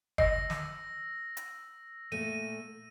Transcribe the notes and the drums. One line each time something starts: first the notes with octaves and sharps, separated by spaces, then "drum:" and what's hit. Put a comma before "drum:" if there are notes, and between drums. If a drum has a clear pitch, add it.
D#5 E6 A#6, drum: kick
drum: snare
drum: hi-hat
A#2 A3 D#7